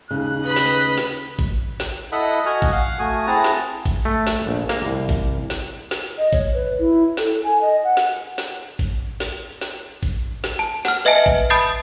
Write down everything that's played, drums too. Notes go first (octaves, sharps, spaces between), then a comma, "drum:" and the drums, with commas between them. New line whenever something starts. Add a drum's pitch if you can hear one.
D#2 C#3 F#6
B4 D#5 B5
drum: snare
drum: snare
drum: kick A1, hi-hat
drum: snare
E4 A4 D#5 F#5 B5
F#4 D#5 F#5 G#5 F6
drum: kick A1, hi-hat
F5 F#5
A3 F#4 G#5 D#6
C4 E4 G#4 F#5 A5 A#5
drum: snare
drum: kick A1, hi-hat
A3
drum: snare
A#1
A#3, drum: snare
C2
drum: kick A1, hi-hat
drum: snare
drum: snare
D#5
C#5, drum: kick A1, hi-hat
B4
E4
A4, drum: snare
G#5
D#5
F#5
drum: snare
drum: snare
drum: kick A1, hi-hat
drum: snare
drum: snare
drum: kick A1, hi-hat
drum: snare
A5
F#5 F6, drum: snare
B4 D#5 E5 G#5 A5
drum: kick A1, hi-hat
A5 B5 D#6 G6 A6 C7